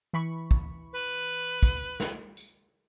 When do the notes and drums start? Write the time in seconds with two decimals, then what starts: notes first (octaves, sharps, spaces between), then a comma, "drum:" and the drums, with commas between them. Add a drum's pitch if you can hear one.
0.13 E3 B5 C#6
0.51 drum: kick
0.92 B4
1.63 drum: kick, tambourine
2.00 drum: snare
2.37 drum: tambourine